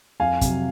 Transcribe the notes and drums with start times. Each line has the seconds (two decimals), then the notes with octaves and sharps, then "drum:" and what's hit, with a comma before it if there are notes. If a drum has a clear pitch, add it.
0.20 F2 F5 G#5
0.41 C3 F#3, drum: kick, hi-hat